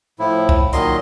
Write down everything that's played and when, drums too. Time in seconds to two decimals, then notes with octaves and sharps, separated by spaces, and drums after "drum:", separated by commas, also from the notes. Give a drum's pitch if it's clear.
0.19 A2 F3 E4
0.49 drum: kick
0.73 A#2 D#3 F#3 D#5 C6, drum: hi-hat